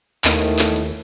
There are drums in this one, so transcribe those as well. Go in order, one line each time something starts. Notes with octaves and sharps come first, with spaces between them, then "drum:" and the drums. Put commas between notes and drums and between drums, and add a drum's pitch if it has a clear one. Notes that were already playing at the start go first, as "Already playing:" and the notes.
D#2 D#3 E3 A3 B3, drum: clap
drum: hi-hat
drum: clap
drum: hi-hat